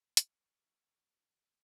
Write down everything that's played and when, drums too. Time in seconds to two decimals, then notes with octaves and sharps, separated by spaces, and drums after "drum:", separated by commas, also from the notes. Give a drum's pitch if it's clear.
0.17 A3 C#4 A4 A#4 C#6 D6, drum: hi-hat